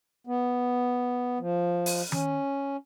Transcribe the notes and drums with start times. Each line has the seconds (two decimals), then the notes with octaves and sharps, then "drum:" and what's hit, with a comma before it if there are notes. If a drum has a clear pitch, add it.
0.27 B3
1.39 F3
1.86 drum: open hi-hat
2.12 C#4, drum: tom D#3